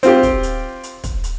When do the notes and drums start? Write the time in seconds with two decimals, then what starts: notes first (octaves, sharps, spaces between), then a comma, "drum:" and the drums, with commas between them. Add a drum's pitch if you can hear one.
0.03 C4 F4 G4, drum: hi-hat
0.23 drum: kick, hi-hat
0.43 drum: hi-hat
0.83 drum: hi-hat
1.04 drum: kick, hi-hat
1.24 drum: hi-hat